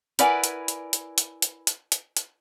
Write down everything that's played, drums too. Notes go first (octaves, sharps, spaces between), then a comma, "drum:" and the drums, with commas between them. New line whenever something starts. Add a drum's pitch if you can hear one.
E4 A#4 B4 D5 F#5 G#5, drum: hi-hat
drum: hi-hat
drum: hi-hat
drum: hi-hat
drum: hi-hat
drum: hi-hat
drum: hi-hat
drum: hi-hat
drum: hi-hat